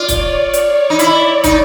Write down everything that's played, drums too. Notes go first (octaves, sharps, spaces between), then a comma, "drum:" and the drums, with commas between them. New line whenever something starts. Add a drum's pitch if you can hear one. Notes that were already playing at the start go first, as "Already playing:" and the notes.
Already playing: F4 D5
C#5, drum: kick, hi-hat
drum: hi-hat
D#4
E4, drum: hi-hat
D#4, drum: kick, hi-hat